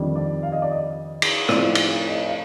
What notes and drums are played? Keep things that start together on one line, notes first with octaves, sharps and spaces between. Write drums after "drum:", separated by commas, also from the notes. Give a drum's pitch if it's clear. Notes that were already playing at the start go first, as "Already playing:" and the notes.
Already playing: F2 D#3 G3 D4
D5
F5
D#5
D5
D#5
drum: cymbal
A2 F3 C4 D#4 D5, drum: rim click
drum: cymbal
C5
D#5
F5